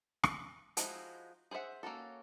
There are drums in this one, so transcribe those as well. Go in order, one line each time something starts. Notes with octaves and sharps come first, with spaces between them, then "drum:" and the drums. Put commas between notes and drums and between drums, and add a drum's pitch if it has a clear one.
drum: rim click
F3 G#3 D#4 E4 F#4, drum: hi-hat
G#4 C5 C#5 E5 F#5
A#3 C#4 F#4 A4